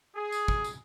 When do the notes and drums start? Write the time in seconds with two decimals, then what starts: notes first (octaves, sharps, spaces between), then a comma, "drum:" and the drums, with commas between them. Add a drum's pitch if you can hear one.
0.16 G#4
0.32 drum: tambourine
0.48 drum: kick
0.64 drum: tambourine